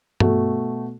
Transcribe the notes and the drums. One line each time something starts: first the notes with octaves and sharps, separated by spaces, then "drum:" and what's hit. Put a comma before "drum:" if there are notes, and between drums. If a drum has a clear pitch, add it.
B2 A3 F#4, drum: tom G2